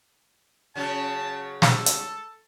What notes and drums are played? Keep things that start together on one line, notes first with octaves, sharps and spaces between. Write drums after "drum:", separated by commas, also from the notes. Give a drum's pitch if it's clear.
C#3 F#3 C#4 A5
A4, drum: snare
drum: hi-hat